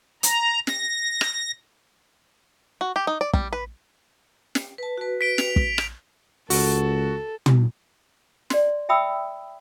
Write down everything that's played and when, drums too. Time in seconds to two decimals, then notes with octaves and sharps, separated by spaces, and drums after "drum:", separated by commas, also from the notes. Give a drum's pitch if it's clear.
0.23 A#5, drum: hi-hat
0.67 A#6, drum: snare
1.21 drum: rim click
2.81 F#4
2.96 G4
3.07 D#4
3.21 D5
3.34 G3, drum: kick
3.53 B4
4.55 drum: snare
4.78 B4 A5
4.98 F#4 B4
5.21 B6 D7 G7
5.38 F7, drum: snare
5.56 drum: kick
5.78 drum: rim click
6.50 C#2 F#4 A4, drum: open hi-hat
7.46 drum: tom
8.50 D5 C6, drum: snare
8.89 E5 G5 B5 D#6 E6